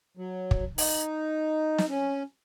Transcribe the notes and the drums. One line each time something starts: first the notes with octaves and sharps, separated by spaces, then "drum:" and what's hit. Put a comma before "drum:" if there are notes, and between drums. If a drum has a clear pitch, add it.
F#3
drum: kick
D#4, drum: open hi-hat
drum: snare
C#4